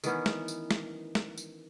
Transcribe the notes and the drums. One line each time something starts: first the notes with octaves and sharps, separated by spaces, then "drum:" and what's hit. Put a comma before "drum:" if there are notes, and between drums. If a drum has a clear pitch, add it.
D#3 E3 B3 C#4, drum: tambourine
drum: snare
drum: tambourine
drum: snare
drum: snare
drum: tambourine